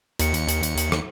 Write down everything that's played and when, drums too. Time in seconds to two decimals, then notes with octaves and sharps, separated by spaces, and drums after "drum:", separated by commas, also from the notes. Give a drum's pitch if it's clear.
0.19 D#2 C#7, drum: hi-hat
0.34 drum: hi-hat
0.49 drum: hi-hat
0.63 drum: hi-hat
0.78 drum: hi-hat
0.92 drum: rim click